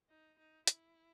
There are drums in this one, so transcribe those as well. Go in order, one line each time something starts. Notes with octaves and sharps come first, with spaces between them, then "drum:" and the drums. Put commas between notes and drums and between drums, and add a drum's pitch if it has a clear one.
D#4
D#4
E4, drum: hi-hat